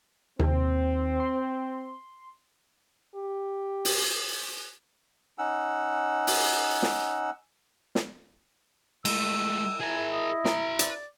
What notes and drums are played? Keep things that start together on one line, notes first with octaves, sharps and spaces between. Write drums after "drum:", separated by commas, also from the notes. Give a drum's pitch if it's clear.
D#2 C4, drum: tom C3
C6
G4
drum: open hi-hat
C#4 D#4 F#5 E6
drum: open hi-hat
drum: snare
drum: snare
G#3 A3 E6, drum: cymbal
E4 G#4 A#4 G#5
D#5
B4 A#5, drum: snare
D5, drum: hi-hat